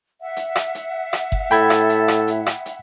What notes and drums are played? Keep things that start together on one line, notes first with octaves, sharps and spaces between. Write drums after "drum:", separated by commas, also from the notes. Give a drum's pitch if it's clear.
E5 F#5
drum: hi-hat
drum: rim click
drum: hi-hat
drum: rim click
drum: kick F#1
A2 A4 G5 B5 G#6, drum: hi-hat
drum: rim click
drum: hi-hat
drum: rim click
drum: hi-hat
drum: rim click
drum: hi-hat